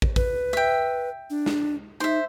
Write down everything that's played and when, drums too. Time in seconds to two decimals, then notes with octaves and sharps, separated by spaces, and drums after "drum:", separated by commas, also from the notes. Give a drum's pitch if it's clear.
0.02 drum: kick
0.16 B4, drum: kick
0.53 E5 G5
1.30 D4
1.46 drum: snare
2.00 D#4 C5 E5